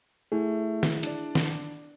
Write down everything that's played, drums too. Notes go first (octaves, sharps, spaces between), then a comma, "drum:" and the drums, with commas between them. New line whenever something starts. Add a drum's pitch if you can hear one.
A3 E4 G#4
drum: snare
D4 D5, drum: hi-hat
drum: snare